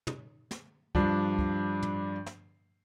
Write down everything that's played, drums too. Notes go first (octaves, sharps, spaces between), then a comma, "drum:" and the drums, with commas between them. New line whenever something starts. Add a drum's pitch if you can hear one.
drum: tom
drum: snare
G2 F3 D4, drum: kick
drum: kick
drum: tom
drum: snare